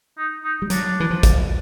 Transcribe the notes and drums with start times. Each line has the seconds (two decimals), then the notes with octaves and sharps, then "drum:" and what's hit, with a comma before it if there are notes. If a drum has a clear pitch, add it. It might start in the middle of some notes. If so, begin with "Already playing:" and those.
0.18 D#4
0.44 D#4
0.62 G3
0.70 F#3 D4, drum: hi-hat
1.00 E3
1.10 F3
1.23 drum: kick, hi-hat